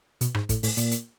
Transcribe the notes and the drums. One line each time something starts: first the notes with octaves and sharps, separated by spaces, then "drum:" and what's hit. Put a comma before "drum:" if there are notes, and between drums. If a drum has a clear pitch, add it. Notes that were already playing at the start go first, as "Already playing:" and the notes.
B2, drum: hi-hat
G#2, drum: rim click
A2, drum: kick, hi-hat
A2, drum: open hi-hat
A#2, drum: hi-hat
drum: hi-hat